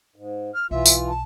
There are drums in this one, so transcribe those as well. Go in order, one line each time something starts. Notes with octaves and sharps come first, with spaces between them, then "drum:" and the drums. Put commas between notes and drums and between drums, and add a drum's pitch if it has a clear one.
G#2
F6
B1 E3 F4 E5
drum: tambourine
A5